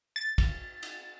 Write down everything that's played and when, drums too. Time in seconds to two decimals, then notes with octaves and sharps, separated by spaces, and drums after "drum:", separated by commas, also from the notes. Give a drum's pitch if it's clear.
0.16 A6
0.38 drum: kick, cymbal
0.83 drum: cymbal